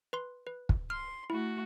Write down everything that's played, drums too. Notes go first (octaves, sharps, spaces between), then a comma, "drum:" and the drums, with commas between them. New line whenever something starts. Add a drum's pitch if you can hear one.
B4 C6
B4
drum: kick
C6 F6
A3 E4 F#4